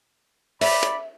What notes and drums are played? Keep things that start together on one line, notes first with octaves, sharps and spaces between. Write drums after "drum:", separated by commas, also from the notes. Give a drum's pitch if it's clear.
D5 E5 B5, drum: open hi-hat
drum: hi-hat